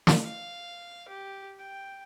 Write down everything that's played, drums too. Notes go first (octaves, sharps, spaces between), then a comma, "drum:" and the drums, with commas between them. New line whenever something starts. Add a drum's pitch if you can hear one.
drum: snare
F5
G4
G5